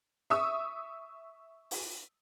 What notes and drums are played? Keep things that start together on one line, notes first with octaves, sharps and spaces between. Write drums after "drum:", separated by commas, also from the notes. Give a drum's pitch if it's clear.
E5 C#6 D#6 E6
drum: open hi-hat